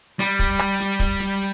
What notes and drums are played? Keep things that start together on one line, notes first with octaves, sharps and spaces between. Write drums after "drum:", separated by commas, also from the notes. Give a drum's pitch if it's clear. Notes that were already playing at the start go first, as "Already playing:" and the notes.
G3, drum: hi-hat
drum: kick, hi-hat
drum: rim click
drum: hi-hat
drum: kick, hi-hat
drum: hi-hat